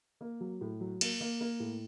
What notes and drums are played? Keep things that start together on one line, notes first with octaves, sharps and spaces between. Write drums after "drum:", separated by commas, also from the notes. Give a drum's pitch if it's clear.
A#3
F#3
A2
F#3
A#3, drum: cymbal
A#3
A#3
A2